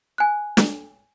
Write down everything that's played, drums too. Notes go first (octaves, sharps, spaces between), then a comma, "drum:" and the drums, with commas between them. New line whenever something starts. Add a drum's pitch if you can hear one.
G#5 F#6
drum: snare